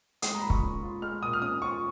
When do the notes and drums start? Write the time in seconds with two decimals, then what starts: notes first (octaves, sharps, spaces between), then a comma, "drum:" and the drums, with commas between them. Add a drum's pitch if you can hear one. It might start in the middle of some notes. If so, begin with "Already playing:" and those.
0.22 G#3 D#6, drum: hi-hat
0.34 A#5
0.42 A#2 B5
0.50 C#6, drum: kick
0.63 C#4
0.83 F4
1.02 G#3 F6
1.22 A#2 D#6
1.33 F6
1.42 C#4 D#6
1.62 F4 C#6